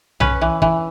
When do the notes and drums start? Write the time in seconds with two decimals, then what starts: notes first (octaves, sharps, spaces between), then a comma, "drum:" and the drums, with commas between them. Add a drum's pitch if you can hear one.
0.20 C#4 B4, drum: tom B1
0.42 E3
0.62 E3, drum: kick